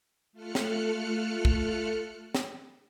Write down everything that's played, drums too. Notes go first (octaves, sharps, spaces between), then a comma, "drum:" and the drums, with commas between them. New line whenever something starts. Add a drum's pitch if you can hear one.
A3 F4 A4 F6 F#6 C#7
drum: snare
drum: kick
drum: snare